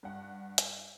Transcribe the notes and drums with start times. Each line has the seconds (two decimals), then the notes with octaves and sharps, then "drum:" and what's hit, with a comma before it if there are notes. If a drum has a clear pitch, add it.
0.03 G2 F#5
0.58 drum: hi-hat